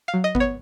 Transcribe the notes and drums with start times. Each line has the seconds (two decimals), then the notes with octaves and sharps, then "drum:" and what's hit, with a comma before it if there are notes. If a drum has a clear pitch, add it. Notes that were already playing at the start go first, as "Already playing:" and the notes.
0.08 F5
0.14 F#3
0.24 D#5
0.35 B3, drum: kick G1
0.40 C#5